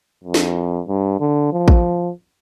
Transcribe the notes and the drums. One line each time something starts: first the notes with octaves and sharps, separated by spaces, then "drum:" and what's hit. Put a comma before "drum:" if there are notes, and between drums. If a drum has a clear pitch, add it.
F2
drum: snare
G2
D3
F3
drum: kick A1